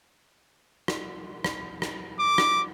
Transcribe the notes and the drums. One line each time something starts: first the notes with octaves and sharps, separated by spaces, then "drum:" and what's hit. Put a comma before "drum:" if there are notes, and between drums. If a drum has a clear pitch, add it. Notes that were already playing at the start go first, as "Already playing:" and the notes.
drum: rim click
drum: rim click
drum: rim click
D6
drum: rim click